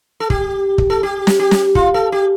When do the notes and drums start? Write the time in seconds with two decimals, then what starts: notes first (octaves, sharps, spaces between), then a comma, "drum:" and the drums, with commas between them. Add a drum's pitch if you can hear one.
0.20 A4
0.30 G4, drum: kick
0.78 drum: kick
0.90 A4
1.03 G4
1.27 drum: snare
1.39 G4
1.51 drum: snare
1.75 F4, drum: kick
1.94 A4
2.12 G4